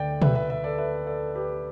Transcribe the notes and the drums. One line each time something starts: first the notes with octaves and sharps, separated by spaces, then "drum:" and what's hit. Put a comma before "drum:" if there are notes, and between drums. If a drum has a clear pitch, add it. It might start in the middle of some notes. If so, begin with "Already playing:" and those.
Already playing: D2 D3 D5 G5
B4 E5, drum: tom
B4 E5
B4 E5
A4 D5
B4 E5
A4 D5
G4 B4